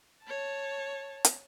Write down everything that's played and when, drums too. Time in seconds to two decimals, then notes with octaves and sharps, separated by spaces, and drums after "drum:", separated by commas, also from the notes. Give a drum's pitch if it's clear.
0.24 C#5 A5
1.25 drum: hi-hat